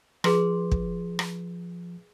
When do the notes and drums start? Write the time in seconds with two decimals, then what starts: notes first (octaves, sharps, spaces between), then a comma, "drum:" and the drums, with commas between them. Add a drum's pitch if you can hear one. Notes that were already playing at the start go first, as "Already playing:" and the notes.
0.24 F3 G#4 B4 C6, drum: rim click
0.71 drum: kick
1.19 drum: rim click